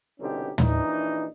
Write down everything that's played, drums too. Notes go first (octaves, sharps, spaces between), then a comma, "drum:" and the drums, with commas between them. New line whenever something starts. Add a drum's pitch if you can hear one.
C2 B2 D3 C#4 D#4 G4
A#1 E3 D4 D#4, drum: tom